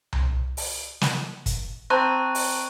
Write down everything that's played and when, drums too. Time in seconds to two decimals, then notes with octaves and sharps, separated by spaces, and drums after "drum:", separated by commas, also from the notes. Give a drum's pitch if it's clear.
0.13 drum: tom C2
0.57 drum: open hi-hat
1.01 drum: snare
1.46 drum: kick, hi-hat
1.90 C4 A5 A#5 C#6 F#6 G#6 D#7
2.35 drum: open hi-hat